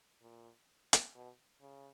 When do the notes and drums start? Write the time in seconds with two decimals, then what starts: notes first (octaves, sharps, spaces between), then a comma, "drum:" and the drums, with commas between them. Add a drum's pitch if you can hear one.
0.22 A#2
0.93 drum: hi-hat
1.15 B2
1.62 C#3